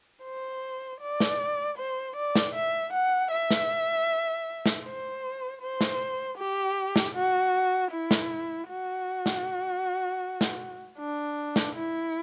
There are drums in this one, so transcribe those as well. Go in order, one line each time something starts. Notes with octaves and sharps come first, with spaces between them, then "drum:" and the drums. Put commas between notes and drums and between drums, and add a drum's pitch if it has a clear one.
C5
D5
drum: snare
C5
D5
drum: snare
E5
F#5
E5
drum: snare
drum: snare
C5
C5
drum: snare
G4
drum: snare
F#4
E4
drum: snare
F#4
drum: snare
drum: snare
D4
drum: snare
E4